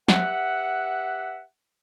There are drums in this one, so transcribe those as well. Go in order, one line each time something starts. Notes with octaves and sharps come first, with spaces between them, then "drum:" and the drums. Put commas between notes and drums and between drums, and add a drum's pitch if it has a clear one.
G4 B4 E5 F#5, drum: snare